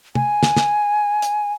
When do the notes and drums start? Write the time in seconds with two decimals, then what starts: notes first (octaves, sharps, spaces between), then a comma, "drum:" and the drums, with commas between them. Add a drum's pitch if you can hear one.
0.15 G#5, drum: tom
0.43 drum: snare
0.57 drum: snare
1.22 drum: hi-hat